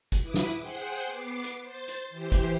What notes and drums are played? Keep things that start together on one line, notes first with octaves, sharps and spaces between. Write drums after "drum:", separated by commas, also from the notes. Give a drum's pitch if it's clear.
drum: kick, hi-hat
E4 B4 D6 D#6
drum: snare
G#4 C5 F#5 G5
B3 D6 C7
drum: hi-hat
C5 A6
drum: hi-hat
E3 G4 C5
drum: kick, hi-hat